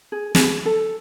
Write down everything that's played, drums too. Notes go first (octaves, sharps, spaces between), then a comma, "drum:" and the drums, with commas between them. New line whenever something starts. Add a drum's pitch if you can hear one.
G#4
G#4, drum: snare
A4